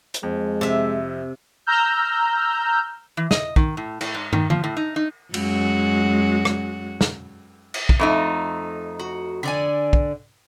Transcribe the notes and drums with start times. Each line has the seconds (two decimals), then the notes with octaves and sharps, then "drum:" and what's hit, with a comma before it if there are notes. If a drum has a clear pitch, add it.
0.14 drum: hi-hat
0.23 F2 G#3
0.61 C3 E5
1.66 A#5 E6 F6 G6
3.17 E3
3.31 D#5, drum: snare
3.56 D#3, drum: kick
3.77 A2
4.01 A2, drum: cymbal
4.14 G#2
4.33 D#3, drum: tom
4.50 F3, drum: tom D3
4.64 A2
4.77 D#4
4.96 D#4
5.34 F#2 G#3 F#4, drum: cymbal
6.45 drum: rim click
7.01 drum: snare
7.74 drum: cymbal
7.89 drum: kick
7.99 F2 A3 D#4
8.99 F#4
9.43 D3 D5 G#5
9.93 drum: kick